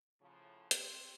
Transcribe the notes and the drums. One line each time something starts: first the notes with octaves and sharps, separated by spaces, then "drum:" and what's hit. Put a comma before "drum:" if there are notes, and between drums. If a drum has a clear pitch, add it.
A2 C#3 F3
C4 G4, drum: hi-hat